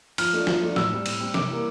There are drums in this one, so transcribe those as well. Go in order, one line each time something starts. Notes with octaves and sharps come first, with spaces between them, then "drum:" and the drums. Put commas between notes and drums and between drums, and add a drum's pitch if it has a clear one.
F3 F6, drum: cymbal
A3 D4 F4
F3, drum: snare
A3 D4 F4
A2 E6, drum: snare
G3 C4
A2, drum: cymbal
G3 C4
C3 D6, drum: snare
E3 G3 A#3